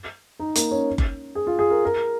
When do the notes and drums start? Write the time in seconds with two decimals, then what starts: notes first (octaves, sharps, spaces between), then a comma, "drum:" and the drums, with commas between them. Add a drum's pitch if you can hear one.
0.40 D#4
0.55 A#3, drum: hi-hat
0.71 C#4
0.98 drum: kick F#1
1.35 G#4
1.47 F4
1.59 G#4
1.70 A#4
1.85 A#4